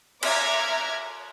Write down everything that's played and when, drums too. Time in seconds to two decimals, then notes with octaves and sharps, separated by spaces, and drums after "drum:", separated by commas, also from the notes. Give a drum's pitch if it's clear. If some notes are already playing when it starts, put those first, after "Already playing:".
0.23 E5 A#5 D6 F6 G#6, drum: cymbal